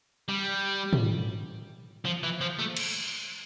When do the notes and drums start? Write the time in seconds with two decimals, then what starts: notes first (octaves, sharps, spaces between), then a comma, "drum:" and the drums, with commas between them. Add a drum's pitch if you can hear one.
0.29 G3
0.93 drum: tom
2.05 F3
2.23 E3
2.41 F3
2.59 A3
2.77 drum: cymbal